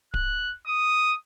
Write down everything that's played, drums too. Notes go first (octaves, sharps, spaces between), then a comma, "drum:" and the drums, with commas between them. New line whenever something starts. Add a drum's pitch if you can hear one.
F#6, drum: kick D1
D#6